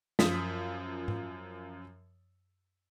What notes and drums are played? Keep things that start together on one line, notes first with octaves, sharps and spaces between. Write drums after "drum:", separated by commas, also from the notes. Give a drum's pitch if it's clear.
F#2 F3 D#6 B6, drum: snare
drum: tom G#2